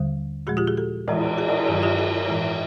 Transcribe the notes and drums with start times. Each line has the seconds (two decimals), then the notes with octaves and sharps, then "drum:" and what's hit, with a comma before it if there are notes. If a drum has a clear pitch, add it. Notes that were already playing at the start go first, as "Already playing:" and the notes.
Already playing: D#2 D3 G3
0.47 A#2 F3 G#3 F#4 G#4
0.57 F4 G4
0.68 F#4 G#4
0.77 G4 A4
1.08 A2 E3 G#3, drum: cymbal
1.37 F#4 G#4
1.48 drum: cymbal
1.68 G2 D#3 F#3 F4 G4
1.82 F4 G4
1.98 F#4 G#4
2.28 A2 E3 G#3